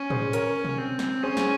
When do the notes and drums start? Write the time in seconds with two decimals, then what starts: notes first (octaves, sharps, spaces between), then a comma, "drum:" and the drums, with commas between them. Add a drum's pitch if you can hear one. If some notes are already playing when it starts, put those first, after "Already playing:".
Already playing: C#4
0.10 G#4 C5, drum: tom A2
0.33 A#4 C#5, drum: hi-hat
0.64 drum: tom B2
0.78 C4
0.99 drum: snare
1.23 C#4 G#4 C5
1.37 drum: snare